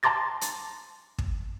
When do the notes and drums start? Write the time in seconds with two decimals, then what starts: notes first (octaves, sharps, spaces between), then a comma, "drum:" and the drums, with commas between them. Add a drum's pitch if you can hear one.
0.03 A5 A#5 C6 D6 A6 A#6
0.41 drum: hi-hat
1.18 drum: kick